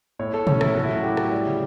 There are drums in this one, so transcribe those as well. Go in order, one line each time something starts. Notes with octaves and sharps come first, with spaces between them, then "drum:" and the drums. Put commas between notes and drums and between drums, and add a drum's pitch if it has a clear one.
A2 C#5
A2 A4
A2 C#4, drum: tom
E3 E4, drum: rim click
A2 F#4
E4
F#3
F#4
A2 G4
A2, drum: rim click
G3
C#3